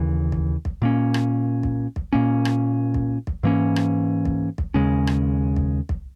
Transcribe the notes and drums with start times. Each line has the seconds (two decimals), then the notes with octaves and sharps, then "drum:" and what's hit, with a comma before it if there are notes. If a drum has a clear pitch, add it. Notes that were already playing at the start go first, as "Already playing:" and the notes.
Already playing: D#2 C#3 E3
0.32 drum: kick
0.65 drum: kick
0.82 A#2 A#3 C#4
1.14 drum: rim click
1.63 drum: kick
1.96 drum: kick
2.13 A#2 A#3 C#4
2.45 drum: rim click
2.94 drum: kick
3.27 drum: kick
3.43 G#2 E3 A#3 C#4
3.76 drum: rim click
4.25 drum: kick
4.58 drum: kick
4.74 D#2 C#3 G#3 C#4
5.07 drum: rim click
5.56 drum: kick
5.89 drum: kick